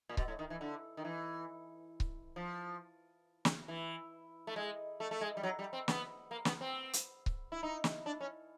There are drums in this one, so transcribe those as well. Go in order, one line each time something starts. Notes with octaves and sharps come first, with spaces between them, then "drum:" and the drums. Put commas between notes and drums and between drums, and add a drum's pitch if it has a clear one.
A#2
B2, drum: kick C#1
A2
D#3
E3
D3
D#3
E3
drum: kick C#1
F3
drum: snare
E3
A3
G#3
A3
A3
G#3
G3
F#3
G3
C4
B3, drum: snare
A#3
B3, drum: snare
C4
drum: hi-hat
drum: kick C#1
E4
D#4
drum: snare
D4
C#4